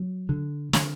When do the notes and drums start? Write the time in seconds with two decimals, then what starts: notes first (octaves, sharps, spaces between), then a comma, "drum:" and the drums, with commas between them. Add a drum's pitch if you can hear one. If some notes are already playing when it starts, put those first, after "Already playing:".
Already playing: F#3
0.29 D3
0.73 D3, drum: snare